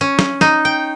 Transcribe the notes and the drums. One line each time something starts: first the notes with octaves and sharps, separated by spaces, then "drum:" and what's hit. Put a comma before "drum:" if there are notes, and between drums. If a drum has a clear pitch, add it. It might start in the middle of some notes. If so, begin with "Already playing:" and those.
C#4
drum: snare
D#4, drum: snare
G5